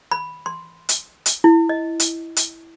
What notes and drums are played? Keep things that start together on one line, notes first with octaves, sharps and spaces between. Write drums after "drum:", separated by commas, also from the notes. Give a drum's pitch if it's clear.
B5
C6
drum: hi-hat
drum: hi-hat
E4
D#5
drum: hi-hat
drum: hi-hat